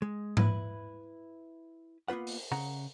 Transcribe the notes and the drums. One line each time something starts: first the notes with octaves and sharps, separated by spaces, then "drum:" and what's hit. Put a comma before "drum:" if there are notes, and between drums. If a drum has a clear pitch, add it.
G#3
E4 B4, drum: tom G#2
A#3 B3 F4 B4 F#5
drum: open hi-hat
C#3 F#5 A#5